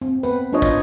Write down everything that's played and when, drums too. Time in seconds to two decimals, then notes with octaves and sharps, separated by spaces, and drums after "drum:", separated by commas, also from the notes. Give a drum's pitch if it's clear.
0.02 C4
0.23 B3 B4, drum: tambourine
0.52 C#4 D4 F4 C5 C#5 D#5
0.62 drum: kick, tambourine